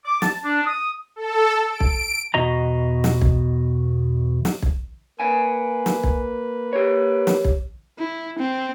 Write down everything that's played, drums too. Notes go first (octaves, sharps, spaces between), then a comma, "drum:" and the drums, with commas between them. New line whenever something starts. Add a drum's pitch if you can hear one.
D6
A5, drum: snare
D4
D#6
A4
D7
drum: kick
E2 B2 F#4 D#5 A#5
drum: snare
drum: kick
drum: snare
drum: kick
A#3 B4 F5 G#5
drum: snare
drum: kick
G4 C#5
drum: snare
drum: kick
E4
C4